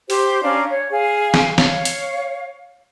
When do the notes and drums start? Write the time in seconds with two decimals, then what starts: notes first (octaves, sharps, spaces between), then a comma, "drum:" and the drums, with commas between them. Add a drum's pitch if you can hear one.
0.10 G4 C5, drum: open hi-hat
0.44 C#4 D4 F5 A#5
0.69 C#5
0.91 G#4 F5
1.34 drum: snare
1.58 C#5 F5, drum: snare
1.85 drum: hi-hat